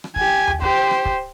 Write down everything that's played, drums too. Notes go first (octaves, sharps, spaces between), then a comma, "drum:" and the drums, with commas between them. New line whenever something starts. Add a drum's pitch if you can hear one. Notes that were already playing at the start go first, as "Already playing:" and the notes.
drum: rim click
G4 G#5, drum: kick
drum: tom D#2
G4 C5, drum: kick
drum: rim click
drum: kick